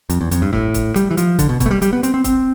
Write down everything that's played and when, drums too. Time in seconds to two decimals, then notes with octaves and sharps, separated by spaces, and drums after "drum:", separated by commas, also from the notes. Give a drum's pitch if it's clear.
0.10 F2, drum: hi-hat
0.21 E2
0.31 F2, drum: hi-hat
0.42 G2
0.53 A2, drum: kick
0.74 drum: kick, hi-hat
0.96 G3, drum: hi-hat
1.11 E3
1.17 F3, drum: hi-hat
1.39 D3, drum: kick, hi-hat
1.49 B2
1.60 B2, drum: kick, hi-hat
1.66 A3
1.71 G3
1.82 G3, drum: hi-hat
1.93 B3
2.03 C4, drum: hi-hat
2.14 C4
2.24 C4, drum: kick, hi-hat